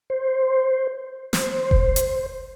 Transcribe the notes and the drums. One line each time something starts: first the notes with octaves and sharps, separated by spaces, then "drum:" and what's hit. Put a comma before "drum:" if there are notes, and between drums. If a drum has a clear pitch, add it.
C5
C5, drum: snare
drum: kick F1
drum: hi-hat